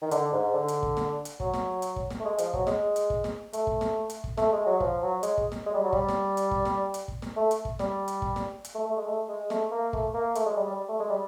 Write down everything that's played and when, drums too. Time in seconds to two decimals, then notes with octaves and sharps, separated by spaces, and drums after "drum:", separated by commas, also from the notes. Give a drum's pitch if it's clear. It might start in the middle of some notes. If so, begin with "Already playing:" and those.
0.02 D#3
0.11 D3, drum: hi-hat
0.32 G#2
0.54 D3
0.68 drum: hi-hat
0.83 drum: kick
0.97 drum: snare
1.25 drum: hi-hat
1.40 F#3, drum: kick
1.54 drum: snare
1.82 drum: hi-hat
1.96 drum: kick
2.10 drum: snare
2.20 A3
2.25 G#3
2.38 F3, drum: hi-hat
2.54 F#3, drum: kick
2.67 G#3, drum: snare
2.96 drum: hi-hat
3.10 drum: kick
3.24 drum: snare
3.53 A3, drum: hi-hat
3.67 drum: kick
3.81 drum: snare
4.10 drum: hi-hat
4.24 drum: kick
4.38 A3, drum: snare
4.52 G#3
4.66 F#3
4.80 F3, drum: kick
5.02 F#3
5.23 G#3, drum: hi-hat
5.37 drum: kick
5.52 drum: snare
5.66 G#3
5.75 G3
5.84 F#3
5.93 G3, drum: kick
6.09 drum: snare
6.37 drum: hi-hat
6.51 drum: kick
6.65 drum: snare
6.94 drum: hi-hat
7.08 drum: kick
7.22 drum: snare
7.37 A3
7.51 drum: hi-hat
7.65 drum: kick
7.79 G3, drum: snare
8.08 drum: hi-hat
8.22 drum: kick
8.36 drum: snare
8.65 drum: hi-hat
8.75 A3
8.86 A3
8.97 G#3
9.07 A3
9.29 G#3
9.50 A3, drum: snare
9.71 A#3
9.93 A3, drum: kick
10.14 A#3
10.35 A3, drum: hi-hat
10.46 G#3
10.56 G3
10.67 G3
10.89 A3
11.00 G#3
11.10 G3